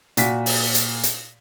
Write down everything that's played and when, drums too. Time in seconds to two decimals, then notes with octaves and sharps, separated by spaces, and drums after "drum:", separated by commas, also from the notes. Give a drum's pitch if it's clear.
0.17 A#2 F#4 B6, drum: hi-hat
0.46 drum: open hi-hat
0.75 drum: hi-hat
1.03 drum: hi-hat